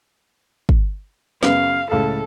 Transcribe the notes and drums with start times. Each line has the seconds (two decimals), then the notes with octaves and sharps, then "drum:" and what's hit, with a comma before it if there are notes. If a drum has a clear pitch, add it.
0.69 drum: kick
1.43 F#2 C#3 B3 F5, drum: snare
1.91 C#2 A2 A4 F5